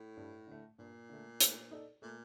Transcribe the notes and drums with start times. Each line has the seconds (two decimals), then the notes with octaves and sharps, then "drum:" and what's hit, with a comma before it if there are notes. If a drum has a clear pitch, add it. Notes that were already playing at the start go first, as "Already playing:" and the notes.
Already playing: A2
0.17 G2
0.47 D3 A3
0.79 G2 A#2
1.09 D3 A3
1.40 A3, drum: hi-hat
1.71 D#4 A4 D5
2.02 A#2 A3